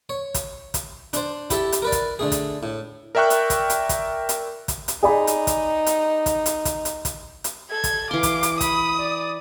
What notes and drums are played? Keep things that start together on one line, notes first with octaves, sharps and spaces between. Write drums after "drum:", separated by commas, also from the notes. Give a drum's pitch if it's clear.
C#5
drum: kick, hi-hat
drum: kick, hi-hat
D4 C5, drum: hi-hat
E4 G4 A4 E5, drum: kick, hi-hat
drum: hi-hat
A#4 B4 D5
drum: kick, hi-hat
D3 A3 G#4
drum: kick, hi-hat
A2
A#4 D5 E5 G5 C#6 F#6
drum: hi-hat
drum: kick, hi-hat
drum: hi-hat
drum: kick, hi-hat
drum: hi-hat
drum: kick, hi-hat
drum: hi-hat
D#4 G#4 D5 B5
drum: hi-hat
drum: kick, hi-hat
drum: hi-hat
drum: kick, hi-hat
drum: hi-hat
drum: kick, hi-hat
drum: hi-hat
drum: kick, hi-hat
drum: hi-hat
A4 G#6
drum: kick, hi-hat
E3 F5 C6 D6
drum: kick, hi-hat
drum: hi-hat
B5 D#6, drum: kick, hi-hat
D5